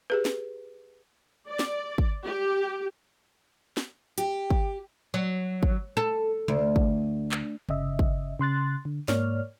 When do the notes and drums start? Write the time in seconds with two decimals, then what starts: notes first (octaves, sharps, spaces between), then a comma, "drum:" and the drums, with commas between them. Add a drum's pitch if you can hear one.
0.10 G4 G#4 B4
0.25 drum: snare
1.48 D5
1.59 drum: snare
1.98 drum: kick
2.25 G4
3.77 drum: snare
4.18 G4, drum: hi-hat
4.50 drum: kick
5.14 F#3
5.63 drum: kick
5.97 A4
6.48 D2, drum: tom C3
6.76 drum: kick
7.32 drum: clap
7.69 G1 C#3 D#5 E5, drum: tom C3
7.99 drum: kick
8.39 C#3 C6 F#6 A6
8.85 D3
9.08 G#2 A#3 C#5 D5 F6, drum: snare